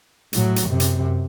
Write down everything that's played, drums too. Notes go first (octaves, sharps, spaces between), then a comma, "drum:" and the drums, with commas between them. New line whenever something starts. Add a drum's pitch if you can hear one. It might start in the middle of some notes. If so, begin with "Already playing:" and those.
A2 F#3, drum: hi-hat
drum: hi-hat
F#2 C3
drum: hi-hat